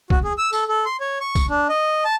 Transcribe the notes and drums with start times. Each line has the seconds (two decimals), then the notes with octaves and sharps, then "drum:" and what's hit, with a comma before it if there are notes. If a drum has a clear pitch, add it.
0.10 F#4, drum: kick
0.24 G#4
0.38 E6
0.53 A4, drum: tambourine
0.69 A4
0.86 C6
1.01 C#5
1.21 C#6
1.35 drum: kick, tambourine
1.49 D4
1.69 D#5
2.05 A5